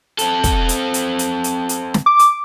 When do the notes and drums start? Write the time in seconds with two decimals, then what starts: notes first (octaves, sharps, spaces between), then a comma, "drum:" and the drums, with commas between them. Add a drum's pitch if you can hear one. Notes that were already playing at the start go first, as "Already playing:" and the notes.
0.19 C4 A4, drum: hi-hat
0.44 drum: kick, hi-hat
0.69 drum: hi-hat
0.94 drum: hi-hat
1.19 drum: hi-hat
1.44 drum: hi-hat
1.69 drum: hi-hat
1.94 drum: snare
2.06 D6
2.19 drum: hi-hat